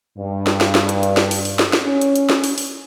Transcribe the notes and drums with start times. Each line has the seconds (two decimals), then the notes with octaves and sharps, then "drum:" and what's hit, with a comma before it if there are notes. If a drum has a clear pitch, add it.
0.19 G2
0.47 drum: snare
0.61 drum: snare
0.75 drum: snare
0.89 drum: hi-hat
1.03 drum: hi-hat
1.17 drum: snare
1.31 drum: open hi-hat
1.45 drum: open hi-hat
1.59 drum: snare
1.73 drum: snare
1.83 C#4
2.01 drum: hi-hat
2.16 drum: hi-hat
2.30 drum: snare
2.44 drum: open hi-hat
2.58 drum: open hi-hat